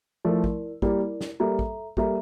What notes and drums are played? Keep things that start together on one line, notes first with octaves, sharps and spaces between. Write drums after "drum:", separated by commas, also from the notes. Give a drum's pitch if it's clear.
F3 A3 E4 A#4 D5
drum: kick
G3 A#3 E4 A#4 D5, drum: kick
drum: snare
G3 A#3 A4 E5 A#5
drum: kick
G3 A#3 A4 E5 A#5, drum: kick